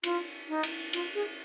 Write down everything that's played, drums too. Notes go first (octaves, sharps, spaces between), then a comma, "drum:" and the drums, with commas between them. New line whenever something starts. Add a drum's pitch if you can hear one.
F4, drum: cymbal
D#4
drum: cymbal
F4, drum: cymbal
G#4